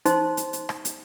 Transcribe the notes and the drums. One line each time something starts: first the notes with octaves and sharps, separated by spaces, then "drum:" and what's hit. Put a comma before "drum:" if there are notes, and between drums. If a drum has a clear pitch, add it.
D#4 C5 C6, drum: hi-hat
drum: hi-hat
drum: hi-hat
drum: rim click
drum: hi-hat